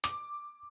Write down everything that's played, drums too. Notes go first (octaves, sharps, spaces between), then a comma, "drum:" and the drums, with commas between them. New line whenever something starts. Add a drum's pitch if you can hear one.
D6, drum: hi-hat